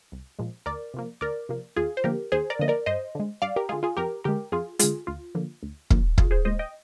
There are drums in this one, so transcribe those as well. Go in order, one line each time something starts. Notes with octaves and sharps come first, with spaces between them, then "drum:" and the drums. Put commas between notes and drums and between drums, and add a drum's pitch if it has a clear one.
C2
A#2 F3 G#3
D2 A#4 D5
C3 F3 A#3
D2 A#4 D5
C3 F3 A#3
D#2 F4 G#4
C5
D3 F3 A#3 G4 A#4
D#2 G#4 C5
A#4 D5
D3 F3 A#3 D#5
A#4 D5
G2 C5 D#5
D3 G#3
G2 D5 F5
G4 A#4
D3 G#3 F4 G#4
F4 G#4
F2 G4 A#4
D3 G#3 G4 A#4
F2 F4 G#4
D3 G#3 F4 G#4, drum: hi-hat
D2 F4
D3 F3 A#3
D2
D3 F3 A#3, drum: kick
C2 F4 G#4, drum: kick
G#4 C5
A#2 G#3 C5 D#5
D#5 G5